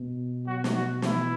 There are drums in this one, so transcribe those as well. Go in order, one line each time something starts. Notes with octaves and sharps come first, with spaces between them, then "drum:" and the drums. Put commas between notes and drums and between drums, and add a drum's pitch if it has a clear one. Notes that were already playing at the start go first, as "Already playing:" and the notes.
Already playing: B2
F#3 F#4
drum: snare
F#3 F#4
E3 E4, drum: snare